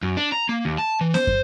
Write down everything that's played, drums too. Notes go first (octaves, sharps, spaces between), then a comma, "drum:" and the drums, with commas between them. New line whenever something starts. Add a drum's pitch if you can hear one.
F#2
D4
A#5
A#3
D#2
A5
E3
C5, drum: snare B3
drum: kick